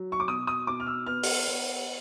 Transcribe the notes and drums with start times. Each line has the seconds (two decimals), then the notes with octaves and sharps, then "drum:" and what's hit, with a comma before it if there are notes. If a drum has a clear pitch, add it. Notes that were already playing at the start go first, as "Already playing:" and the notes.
Already playing: F#3
0.12 C#6
0.20 D6
0.28 B2 D#6
0.47 D#6
0.67 B2 D6
0.80 F6
0.87 E6
1.06 B3 F6
1.23 drum: open hi-hat
1.47 B3